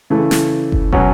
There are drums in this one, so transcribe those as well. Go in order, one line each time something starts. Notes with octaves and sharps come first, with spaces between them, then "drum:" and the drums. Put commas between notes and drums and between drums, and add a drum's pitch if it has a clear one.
C#3 E3 A3
drum: snare
drum: kick
B2 F#3 C#4, drum: kick